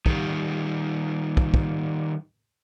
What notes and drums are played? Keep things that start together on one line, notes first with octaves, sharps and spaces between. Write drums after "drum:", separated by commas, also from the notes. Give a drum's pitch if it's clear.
D#3 G3, drum: kick
drum: kick
drum: kick